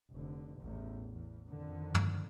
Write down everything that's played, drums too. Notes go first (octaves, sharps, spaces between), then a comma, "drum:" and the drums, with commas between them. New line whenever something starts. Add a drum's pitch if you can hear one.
F1 D3
A1 E2
E2
F2 D3 D#3
drum: tom